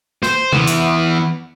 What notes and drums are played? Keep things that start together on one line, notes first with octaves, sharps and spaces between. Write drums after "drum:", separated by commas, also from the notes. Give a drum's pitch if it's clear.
C5, drum: snare
E3 B3, drum: tom C3
drum: hi-hat